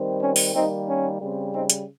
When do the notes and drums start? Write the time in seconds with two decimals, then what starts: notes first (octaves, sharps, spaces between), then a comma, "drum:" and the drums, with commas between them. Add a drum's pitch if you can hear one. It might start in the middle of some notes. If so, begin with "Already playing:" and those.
Already playing: D#3 G3 C4
0.21 C#4
0.36 drum: open hi-hat
0.54 D#3 G3 A#3 C4 D#4
0.87 C#4
1.20 C#3 G3 C4
1.53 C4 D#4
1.70 drum: hi-hat